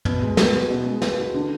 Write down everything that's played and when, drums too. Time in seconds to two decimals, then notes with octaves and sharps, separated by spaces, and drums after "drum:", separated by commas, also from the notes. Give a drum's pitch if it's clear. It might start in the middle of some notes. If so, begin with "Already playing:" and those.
0.05 B2, drum: tom
0.22 G#3
0.37 B3, drum: snare
0.54 F#4
0.71 B2
0.86 G#3
1.02 B3, drum: snare
1.18 F#4
1.34 D3